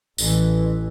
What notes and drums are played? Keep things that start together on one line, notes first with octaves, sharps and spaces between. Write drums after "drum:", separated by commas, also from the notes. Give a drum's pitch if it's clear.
A1 E3, drum: tambourine